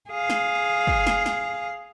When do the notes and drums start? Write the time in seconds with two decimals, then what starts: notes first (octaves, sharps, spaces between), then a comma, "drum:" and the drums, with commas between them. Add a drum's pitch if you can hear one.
0.10 G#4 F5
0.30 drum: snare
0.87 drum: kick
1.07 drum: snare
1.26 drum: snare